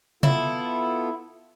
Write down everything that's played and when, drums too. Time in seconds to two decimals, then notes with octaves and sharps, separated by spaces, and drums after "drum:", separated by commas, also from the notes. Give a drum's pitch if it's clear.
0.23 B3 E4 F4 A4, drum: tom C3